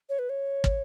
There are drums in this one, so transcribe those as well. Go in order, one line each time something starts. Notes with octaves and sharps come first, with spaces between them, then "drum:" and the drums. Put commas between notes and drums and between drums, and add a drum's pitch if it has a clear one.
C#5
B4
C#5
drum: kick